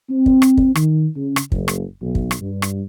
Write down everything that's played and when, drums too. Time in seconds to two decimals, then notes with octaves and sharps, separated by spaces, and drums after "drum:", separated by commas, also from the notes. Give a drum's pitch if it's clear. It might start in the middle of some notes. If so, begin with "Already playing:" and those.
0.10 C4
0.26 drum: kick
0.42 drum: rim click
0.57 drum: kick
0.75 D#3, drum: rim click
1.16 C#3
1.36 drum: rim click
1.52 F#1, drum: kick
1.68 drum: rim click
2.02 B1
2.15 drum: kick
2.31 drum: rim click
2.40 G2
2.62 drum: rim click